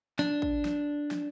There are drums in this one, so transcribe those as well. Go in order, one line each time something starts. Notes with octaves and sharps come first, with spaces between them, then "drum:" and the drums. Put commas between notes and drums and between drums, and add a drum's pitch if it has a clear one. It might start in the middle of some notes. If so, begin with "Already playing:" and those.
D4, drum: snare
drum: kick
drum: snare
drum: snare